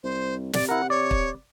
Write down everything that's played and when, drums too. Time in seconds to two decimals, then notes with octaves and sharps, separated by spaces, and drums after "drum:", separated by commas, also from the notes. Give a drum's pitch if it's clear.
0.03 C2 C5
0.53 C3 D5, drum: snare
0.69 E4 A#4 F#5
0.90 C#5 D5
1.11 drum: kick